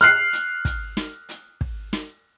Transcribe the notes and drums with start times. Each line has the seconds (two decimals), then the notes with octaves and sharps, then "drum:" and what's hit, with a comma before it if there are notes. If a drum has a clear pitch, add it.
0.01 F6 F#6 C7
0.33 drum: hi-hat
0.65 drum: kick, hi-hat
0.97 drum: snare
1.29 drum: hi-hat
1.61 drum: kick
1.93 drum: snare